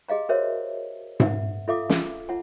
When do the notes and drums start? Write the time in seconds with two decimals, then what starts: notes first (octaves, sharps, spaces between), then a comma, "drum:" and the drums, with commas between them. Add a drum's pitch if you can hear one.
0.09 G4 G#4 D#5 F5 A#5
0.29 F#4 A#4 C5 C#5 E5
1.20 E5 F#5, drum: tom G#2
1.68 F4 A4 E5 F5 D6
1.90 drum: snare
2.29 F4 F#5 A5